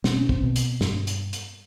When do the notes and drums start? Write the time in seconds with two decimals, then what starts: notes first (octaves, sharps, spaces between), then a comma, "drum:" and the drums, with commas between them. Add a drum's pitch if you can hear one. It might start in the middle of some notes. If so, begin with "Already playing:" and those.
0.04 B2 C4, drum: snare
0.16 C#4
0.29 C4, drum: kick
0.43 B2
0.56 drum: hi-hat
0.81 G2, drum: snare
1.07 drum: hi-hat
1.33 drum: hi-hat